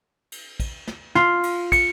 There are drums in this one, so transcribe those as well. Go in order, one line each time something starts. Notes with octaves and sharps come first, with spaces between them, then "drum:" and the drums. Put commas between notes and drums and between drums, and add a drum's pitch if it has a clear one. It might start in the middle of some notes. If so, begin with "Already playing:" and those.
drum: cymbal
drum: kick, cymbal
drum: snare
F4, drum: snare
drum: cymbal
C#7, drum: kick, cymbal